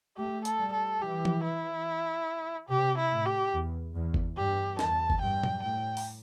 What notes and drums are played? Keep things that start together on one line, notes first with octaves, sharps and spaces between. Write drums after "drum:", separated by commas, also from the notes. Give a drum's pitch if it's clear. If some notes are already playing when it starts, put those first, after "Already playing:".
A3 G4
A4, drum: hi-hat
G3
A4
E3 G4
drum: tom F3
E4
C3 G4
E4
A2
G4
E2
E2
drum: kick G1
G2 G4
E2 A5, drum: snare
drum: kick G1
G2 G5
drum: tom
A2 G5
drum: open hi-hat